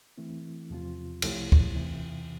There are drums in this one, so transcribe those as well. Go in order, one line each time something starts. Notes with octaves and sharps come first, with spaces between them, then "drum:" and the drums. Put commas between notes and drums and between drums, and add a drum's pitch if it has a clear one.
E3 A3 C4 E4
E2 C3 F3 C4 F4
C2 C3 F3 A3 E4, drum: cymbal
drum: kick
E2 C3 E3